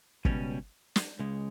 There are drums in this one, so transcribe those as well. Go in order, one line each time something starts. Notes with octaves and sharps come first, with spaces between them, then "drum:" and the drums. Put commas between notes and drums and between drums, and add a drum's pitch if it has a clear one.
C#2 B2 G3 C#4, drum: kick
drum: snare
C#2 C#3 G#3